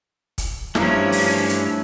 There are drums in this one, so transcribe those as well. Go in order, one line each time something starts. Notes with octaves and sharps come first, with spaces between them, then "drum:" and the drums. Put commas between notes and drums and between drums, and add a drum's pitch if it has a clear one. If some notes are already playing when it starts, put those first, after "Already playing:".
drum: kick, hi-hat
G2 F3 A3 C#4 D4 E4 A#5, drum: snare
drum: open hi-hat
drum: hi-hat